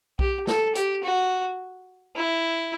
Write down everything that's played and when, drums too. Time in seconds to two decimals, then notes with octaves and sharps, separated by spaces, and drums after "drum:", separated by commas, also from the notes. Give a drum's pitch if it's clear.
0.19 G4, drum: kick B1
0.47 A4, drum: snare
0.75 G4, drum: hi-hat
1.03 F#4
2.16 E4